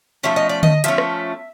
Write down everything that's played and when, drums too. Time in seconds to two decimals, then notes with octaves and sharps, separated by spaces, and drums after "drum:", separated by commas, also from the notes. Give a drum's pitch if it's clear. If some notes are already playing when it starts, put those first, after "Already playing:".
0.23 F3 A3 C#4 E5
0.36 D#5
0.49 D5
0.63 D#5, drum: tom D3
0.84 F3 A3 C#4 E5, drum: hi-hat
0.98 drum: rim click